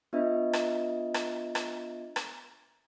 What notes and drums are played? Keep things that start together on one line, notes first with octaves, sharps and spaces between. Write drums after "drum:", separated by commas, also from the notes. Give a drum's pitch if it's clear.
B3 D4 F4 D#5 E5
drum: rim click
drum: rim click
drum: rim click
drum: rim click